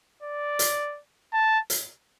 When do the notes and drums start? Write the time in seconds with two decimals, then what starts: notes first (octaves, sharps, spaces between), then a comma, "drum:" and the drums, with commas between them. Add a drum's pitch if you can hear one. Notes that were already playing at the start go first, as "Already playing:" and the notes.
0.23 D5
0.59 drum: hi-hat
1.33 A5
1.70 drum: hi-hat